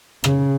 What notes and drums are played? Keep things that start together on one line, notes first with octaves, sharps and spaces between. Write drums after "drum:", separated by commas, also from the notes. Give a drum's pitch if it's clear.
C#3, drum: rim click